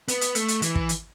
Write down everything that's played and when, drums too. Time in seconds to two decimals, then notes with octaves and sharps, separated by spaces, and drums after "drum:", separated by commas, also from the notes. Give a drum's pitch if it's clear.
0.08 B3, drum: hi-hat
0.21 drum: hi-hat
0.35 A3, drum: hi-hat
0.48 drum: hi-hat
0.62 E3, drum: hi-hat
0.75 drum: kick
0.89 drum: hi-hat